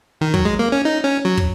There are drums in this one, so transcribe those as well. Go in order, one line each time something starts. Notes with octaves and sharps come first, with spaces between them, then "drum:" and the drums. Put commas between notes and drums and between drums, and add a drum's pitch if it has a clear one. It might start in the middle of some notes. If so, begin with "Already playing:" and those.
D#3
F#3, drum: kick
G#3
A#3
C#4
D#4
C#4
F#3
drum: kick